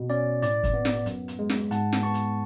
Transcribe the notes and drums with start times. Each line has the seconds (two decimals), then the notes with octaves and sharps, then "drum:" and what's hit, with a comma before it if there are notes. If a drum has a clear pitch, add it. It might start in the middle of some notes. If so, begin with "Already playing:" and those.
Already playing: B2
0.10 C#4 D5
0.43 A2 D5, drum: hi-hat
0.63 drum: kick, hi-hat
0.74 B3
0.85 drum: snare
1.06 F#2, drum: hi-hat
1.28 drum: hi-hat
1.39 G#3
1.49 drum: snare
1.71 G#2 F#5 A5, drum: hi-hat
1.92 drum: snare
2.03 B3 A5 C#6
2.14 drum: hi-hat